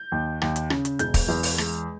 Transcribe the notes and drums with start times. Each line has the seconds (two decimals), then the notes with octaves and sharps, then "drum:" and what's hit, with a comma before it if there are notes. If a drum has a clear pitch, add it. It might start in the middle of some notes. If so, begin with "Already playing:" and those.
Already playing: G6
0.12 D#2
0.42 D#2, drum: rim click
0.56 drum: hi-hat
0.70 C#3, drum: rim click
0.85 drum: hi-hat
0.99 E1 G6, drum: hi-hat
1.14 drum: kick, open hi-hat
1.28 E2
1.43 drum: open hi-hat
1.58 G#3, drum: rim click